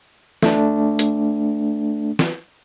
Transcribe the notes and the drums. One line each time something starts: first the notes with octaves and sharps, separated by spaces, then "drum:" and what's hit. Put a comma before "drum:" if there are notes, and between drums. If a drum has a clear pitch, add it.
A3 D4, drum: snare
drum: hi-hat
drum: snare